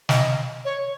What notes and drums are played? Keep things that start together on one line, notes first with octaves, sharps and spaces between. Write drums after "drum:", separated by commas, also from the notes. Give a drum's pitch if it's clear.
D#5, drum: snare
C#5